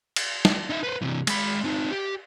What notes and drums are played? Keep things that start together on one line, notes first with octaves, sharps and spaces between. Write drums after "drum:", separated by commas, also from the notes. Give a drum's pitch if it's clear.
drum: cymbal
drum: snare
D#4 E5
B4 C5
C3 E3
G#3 B5, drum: cymbal
C4 D#4
G4